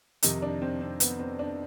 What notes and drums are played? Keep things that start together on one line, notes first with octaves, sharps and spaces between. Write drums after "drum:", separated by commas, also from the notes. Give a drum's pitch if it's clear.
F2 C3 D#3 D#4, drum: hi-hat
D4
C4
C4
B3, drum: hi-hat
C4
D4